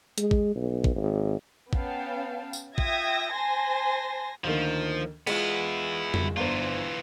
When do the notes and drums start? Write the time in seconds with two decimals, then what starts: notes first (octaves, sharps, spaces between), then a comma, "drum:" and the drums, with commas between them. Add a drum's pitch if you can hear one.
0.18 G#3, drum: hi-hat
0.31 drum: kick
0.55 B1
0.84 drum: kick
0.96 G#1
1.73 B3 C#4 F5 G5 A5, drum: kick
2.53 drum: tambourine
2.78 F4 E5 G5 D#6 G#6 A#6, drum: kick
3.36 C5 G#5 A5 C6 A#6
4.44 D2 D#3 F3 A#3
5.27 G#3 B3 E4 F4, drum: cymbal
6.14 drum: tom F2
6.37 G1 E3 F4 C5